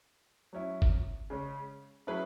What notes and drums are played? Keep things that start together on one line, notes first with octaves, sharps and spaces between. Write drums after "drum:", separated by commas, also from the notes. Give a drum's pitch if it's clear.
F#3 C#4 E4
drum: kick
C#3 G#3 C#4
F#3 C#4 E4 G#4 B4